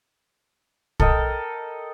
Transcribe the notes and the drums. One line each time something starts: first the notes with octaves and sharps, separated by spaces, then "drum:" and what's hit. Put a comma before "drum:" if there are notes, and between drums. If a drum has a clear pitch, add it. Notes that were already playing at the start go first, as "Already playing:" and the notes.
A4 A#4 D#5 G5, drum: kick